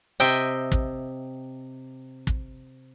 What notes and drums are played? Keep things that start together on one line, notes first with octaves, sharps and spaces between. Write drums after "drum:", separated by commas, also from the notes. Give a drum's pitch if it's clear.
C3 D#5 E5 G5
drum: kick
drum: kick